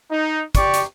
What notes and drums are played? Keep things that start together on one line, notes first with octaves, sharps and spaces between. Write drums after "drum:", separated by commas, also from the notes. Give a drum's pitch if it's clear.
D#4
G4 D5 C#6, drum: kick, hi-hat
drum: hi-hat